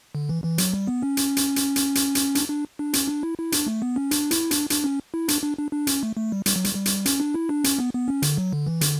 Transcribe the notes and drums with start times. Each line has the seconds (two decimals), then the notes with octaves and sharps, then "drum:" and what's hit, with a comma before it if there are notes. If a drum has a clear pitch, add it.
0.15 D3
0.29 E3
0.44 E3
0.58 F#3, drum: hi-hat
0.73 G3
0.87 B3
1.02 C#4
1.17 drum: hi-hat
1.37 drum: hi-hat
1.56 drum: hi-hat
1.76 drum: hi-hat
1.95 drum: hi-hat
2.15 drum: hi-hat
2.35 D4, drum: hi-hat
2.49 D4
2.79 D4
2.93 C#4, drum: hi-hat
3.07 D4
3.23 E4
3.38 E4
3.52 D4, drum: hi-hat
3.67 A3
3.82 B3
3.96 C#4
4.11 D4, drum: hi-hat
4.31 E4, drum: hi-hat
4.51 D4, drum: hi-hat
4.70 D4, drum: hi-hat
4.84 C#4
5.14 E4
5.28 D4, drum: hi-hat
5.43 D4
5.58 D4
5.72 D4
5.87 C#4, drum: hi-hat
6.03 A3
6.16 A3
6.32 G3
6.46 G3, drum: hi-hat
6.56 F#3
6.64 G3, drum: hi-hat
6.75 G3
6.86 drum: hi-hat
7.06 C#4, drum: hi-hat
7.20 D4
7.34 E4
7.49 D4
7.64 C#4, drum: hi-hat
7.79 B3
7.94 B3
8.08 C#4
8.22 D3, drum: hi-hat
8.37 F#3
8.53 D3
8.67 E3
8.81 D3, drum: hi-hat